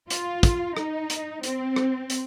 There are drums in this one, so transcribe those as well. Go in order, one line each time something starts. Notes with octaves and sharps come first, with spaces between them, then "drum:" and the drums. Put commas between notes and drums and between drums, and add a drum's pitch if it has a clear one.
F4, drum: hi-hat
drum: kick, hi-hat
D#4, drum: rim click
drum: hi-hat
C4, drum: hi-hat
drum: rim click
drum: hi-hat